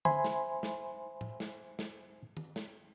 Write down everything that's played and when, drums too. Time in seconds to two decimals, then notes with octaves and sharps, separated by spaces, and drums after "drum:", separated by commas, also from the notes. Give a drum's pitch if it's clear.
0.05 C5 E5 G#5 B5 C6, drum: tom D3
0.24 drum: snare
0.63 drum: snare
1.21 drum: tom A2
1.40 drum: snare
1.79 drum: snare
2.37 drum: tom D#3
2.56 drum: snare